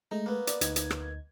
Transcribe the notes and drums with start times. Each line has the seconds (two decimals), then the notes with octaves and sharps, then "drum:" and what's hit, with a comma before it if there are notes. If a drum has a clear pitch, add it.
0.11 G#3 A3 D#4
0.26 A#3 B3
0.47 D5, drum: hi-hat
0.61 D2 D#4 G#6, drum: hi-hat
0.76 drum: hi-hat
0.90 drum: rim click